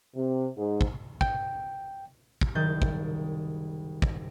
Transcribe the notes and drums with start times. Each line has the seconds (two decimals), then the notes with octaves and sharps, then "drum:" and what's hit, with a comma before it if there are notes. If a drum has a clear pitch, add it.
0.16 C3
0.57 G#2
0.81 drum: kick
1.21 G5, drum: kick
2.41 drum: kick
2.55 F#1 C2 D#3 G6 A6
2.82 drum: kick
4.02 drum: kick